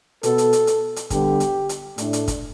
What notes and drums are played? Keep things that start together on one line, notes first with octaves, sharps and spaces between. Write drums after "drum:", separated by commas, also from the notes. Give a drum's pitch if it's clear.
B2 B3 A4, drum: hi-hat
drum: hi-hat
drum: hi-hat
drum: hi-hat
drum: hi-hat
D3 G3 B3 G4, drum: kick, hi-hat
drum: hi-hat
drum: hi-hat
A2 A3 D4, drum: hi-hat
drum: hi-hat
drum: kick, hi-hat